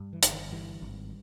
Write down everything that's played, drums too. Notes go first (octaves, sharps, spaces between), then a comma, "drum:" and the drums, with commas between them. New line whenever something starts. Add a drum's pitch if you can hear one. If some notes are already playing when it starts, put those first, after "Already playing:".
Already playing: G2
E3
G1, drum: hi-hat
D#3
G2 E3
G#1